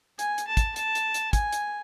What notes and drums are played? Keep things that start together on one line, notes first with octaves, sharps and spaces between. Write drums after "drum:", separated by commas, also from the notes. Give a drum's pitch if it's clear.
G#5, drum: hi-hat
drum: hi-hat
A5
drum: kick, hi-hat
A5, drum: hi-hat
drum: hi-hat
drum: hi-hat
G#5, drum: kick, hi-hat
drum: hi-hat